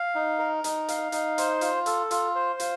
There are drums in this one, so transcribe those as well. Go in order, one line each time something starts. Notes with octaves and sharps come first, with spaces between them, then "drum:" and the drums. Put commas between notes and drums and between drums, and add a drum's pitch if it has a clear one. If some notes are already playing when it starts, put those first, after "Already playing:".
Already playing: F5
D#4
A#4
D#4, drum: hi-hat
F5, drum: hi-hat
D#4, drum: hi-hat
C5, drum: hi-hat
F4, drum: hi-hat
A4, drum: hi-hat
F4, drum: hi-hat
C5
F4, drum: hi-hat